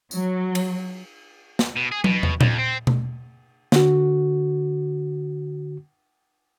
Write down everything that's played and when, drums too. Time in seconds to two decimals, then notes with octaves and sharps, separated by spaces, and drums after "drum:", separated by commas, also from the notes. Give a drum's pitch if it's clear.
0.11 F#3, drum: tambourine
0.55 drum: cymbal
1.59 drum: snare
1.76 B2
1.92 G#4
2.04 B2, drum: tom
2.23 drum: tom
2.41 F2, drum: tom A#2
2.58 C4
2.87 drum: tom B2
3.72 D3 F#4, drum: snare